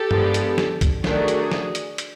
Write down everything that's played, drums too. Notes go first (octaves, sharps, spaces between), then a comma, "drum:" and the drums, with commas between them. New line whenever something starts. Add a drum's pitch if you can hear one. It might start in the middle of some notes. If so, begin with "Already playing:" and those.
Already playing: G4 A4
F3 G#3 B3 D4, drum: tom G2
drum: hi-hat
drum: snare
drum: kick C2, hi-hat
D#3 F#3 A3 D4 F#4 G#4, drum: snare
drum: hi-hat
drum: snare
drum: hi-hat
drum: hi-hat